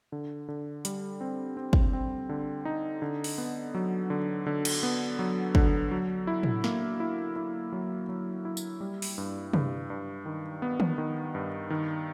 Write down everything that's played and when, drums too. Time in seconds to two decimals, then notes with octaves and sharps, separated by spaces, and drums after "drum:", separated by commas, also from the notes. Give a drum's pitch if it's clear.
0.12 D3
0.48 D3
0.85 G3, drum: hi-hat
1.21 C4
1.57 C4
1.73 drum: kick
1.93 C4
2.29 D3
2.65 D#4
3.02 D3
3.24 drum: open hi-hat
3.38 B3
3.75 F#3
4.10 D3
4.46 D3
4.65 drum: cymbal
4.83 B3
5.19 F#3
5.55 D3, drum: kick
5.91 F#3
6.27 E4
6.43 drum: tom A2
6.64 A#3, drum: snare
7.00 E4
7.36 E4
7.72 F#3
8.09 F#3
8.45 E4
8.57 drum: tambourine
8.81 G3
9.02 drum: open hi-hat
9.18 G2
9.53 G2, drum: tom C3
9.90 G2
10.26 D#3
10.62 B3
10.80 drum: tom D#3
10.98 D#3
11.35 G2
11.70 D#3